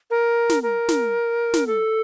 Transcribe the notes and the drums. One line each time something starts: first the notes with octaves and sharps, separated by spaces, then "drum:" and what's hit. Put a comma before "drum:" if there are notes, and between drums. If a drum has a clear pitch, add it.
A#4
drum: snare
A#4
drum: snare
drum: snare
A4